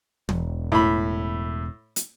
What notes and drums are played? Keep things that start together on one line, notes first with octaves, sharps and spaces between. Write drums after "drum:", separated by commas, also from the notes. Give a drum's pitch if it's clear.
E1, drum: tom
A2 B5
drum: hi-hat